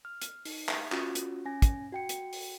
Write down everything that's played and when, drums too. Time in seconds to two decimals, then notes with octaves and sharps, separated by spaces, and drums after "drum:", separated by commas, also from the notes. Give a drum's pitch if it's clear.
0.05 F6
0.22 drum: hi-hat
0.45 D#4, drum: open hi-hat
0.68 drum: clap
0.92 C#4 F4 F#4, drum: clap
1.15 drum: hi-hat
1.45 C#4 G#5 A#6
1.62 drum: kick, hi-hat
1.92 F#4 G5 C#7
2.09 drum: hi-hat
2.33 drum: open hi-hat